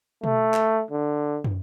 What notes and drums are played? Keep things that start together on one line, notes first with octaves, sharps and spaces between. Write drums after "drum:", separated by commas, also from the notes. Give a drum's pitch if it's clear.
A3, drum: tom B2
drum: clap
D3
drum: tom